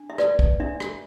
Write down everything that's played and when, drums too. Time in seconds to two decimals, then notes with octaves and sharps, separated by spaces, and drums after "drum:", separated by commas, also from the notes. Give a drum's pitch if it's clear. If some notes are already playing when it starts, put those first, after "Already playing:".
Already playing: D4
0.10 E5
0.18 B4 D5, drum: rim click
0.39 drum: kick
0.59 D4 E5
0.80 drum: rim click